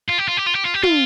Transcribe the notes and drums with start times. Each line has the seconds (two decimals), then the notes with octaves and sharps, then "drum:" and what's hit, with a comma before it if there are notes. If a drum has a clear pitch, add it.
0.09 F4
0.18 G4
0.28 F4
0.37 G4
0.46 F4
0.55 G4
0.65 F4
0.74 G4
0.83 F4, drum: tom